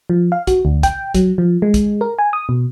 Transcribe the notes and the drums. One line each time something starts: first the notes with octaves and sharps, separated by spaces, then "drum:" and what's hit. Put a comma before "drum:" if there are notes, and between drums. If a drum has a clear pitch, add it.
F3
F5
F#4, drum: kick, hi-hat
D2
G5, drum: kick, hi-hat
F#3, drum: kick, hi-hat
F3
G#3
drum: kick, hi-hat
A#4
G#5
D#6
B2